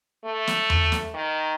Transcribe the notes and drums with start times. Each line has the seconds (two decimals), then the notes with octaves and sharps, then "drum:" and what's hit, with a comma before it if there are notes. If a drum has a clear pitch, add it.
0.25 A3
0.47 drum: snare
0.70 drum: tom E2
0.92 drum: snare
1.14 D#3